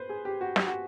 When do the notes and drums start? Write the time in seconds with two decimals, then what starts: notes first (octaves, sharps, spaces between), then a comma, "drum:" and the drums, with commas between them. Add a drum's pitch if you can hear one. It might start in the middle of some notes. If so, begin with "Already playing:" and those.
Already playing: B4 C5
0.09 G#4
0.25 G4
0.41 F#4
0.56 G4, drum: snare
0.67 F#4